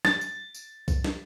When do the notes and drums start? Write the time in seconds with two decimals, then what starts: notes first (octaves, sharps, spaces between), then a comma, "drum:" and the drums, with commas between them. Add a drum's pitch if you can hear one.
0.05 A6, drum: snare
0.21 drum: tambourine
0.55 drum: tambourine
0.88 drum: kick, tambourine
1.04 drum: snare